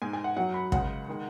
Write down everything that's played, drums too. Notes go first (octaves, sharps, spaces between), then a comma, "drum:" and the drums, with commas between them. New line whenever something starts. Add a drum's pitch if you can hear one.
G#2 G#3 G#5
G#5
F#5
F#2 F#3 F#5
B5
C#2 C#3 G#3 F#5, drum: kick
D#3 G#3